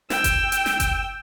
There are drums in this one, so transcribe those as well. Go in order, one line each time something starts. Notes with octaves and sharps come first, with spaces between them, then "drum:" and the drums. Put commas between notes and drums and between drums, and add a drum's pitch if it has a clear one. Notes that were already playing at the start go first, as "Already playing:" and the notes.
G5 E6, drum: snare
drum: kick F#1, hi-hat
drum: hi-hat
drum: snare
drum: kick F#1, hi-hat